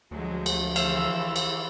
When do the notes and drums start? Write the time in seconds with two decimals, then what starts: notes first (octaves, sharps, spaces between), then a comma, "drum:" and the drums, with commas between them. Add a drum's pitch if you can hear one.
0.11 D2 F3 F#3 G#3
0.46 drum: cymbal
0.76 E3 E4 C5 E5 F5, drum: cymbal
1.36 drum: cymbal